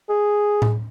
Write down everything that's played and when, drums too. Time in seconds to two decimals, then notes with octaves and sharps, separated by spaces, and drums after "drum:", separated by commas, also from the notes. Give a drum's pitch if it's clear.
0.09 G#4
0.62 drum: tom A2